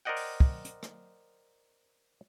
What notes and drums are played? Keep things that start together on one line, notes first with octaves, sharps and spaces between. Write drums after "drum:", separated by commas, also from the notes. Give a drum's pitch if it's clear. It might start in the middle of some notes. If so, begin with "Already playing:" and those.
A#4 C5 D5 D#5 F#5 G5
drum: open hi-hat
drum: kick
drum: hi-hat
drum: rim click